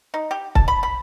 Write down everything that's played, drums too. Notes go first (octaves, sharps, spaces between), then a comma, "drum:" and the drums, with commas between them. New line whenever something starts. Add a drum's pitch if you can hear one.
D#4
G4
A5, drum: kick C#1
B5
B5